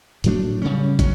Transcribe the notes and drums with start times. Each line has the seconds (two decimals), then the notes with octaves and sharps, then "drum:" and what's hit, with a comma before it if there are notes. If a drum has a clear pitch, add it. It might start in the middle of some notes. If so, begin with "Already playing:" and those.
0.24 A2 F#3 A3 D4, drum: hi-hat
0.62 C#3 G3 C#4
0.99 F#3 C#4, drum: kick, hi-hat